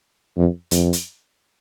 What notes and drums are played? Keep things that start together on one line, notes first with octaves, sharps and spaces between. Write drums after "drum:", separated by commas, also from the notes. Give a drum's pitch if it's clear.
F2
F2, drum: hi-hat
drum: hi-hat